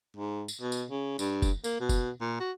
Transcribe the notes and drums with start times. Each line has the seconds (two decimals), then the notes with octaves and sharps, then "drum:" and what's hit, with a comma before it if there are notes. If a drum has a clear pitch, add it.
0.16 G#2
0.48 drum: tambourine
0.61 B2
0.72 drum: tambourine
0.90 C#3
1.19 G2, drum: tambourine
1.42 drum: kick F#1, tambourine
1.64 A#3, drum: tambourine
1.80 B2
1.89 drum: kick F#1, tambourine
2.21 A#2
2.40 F#4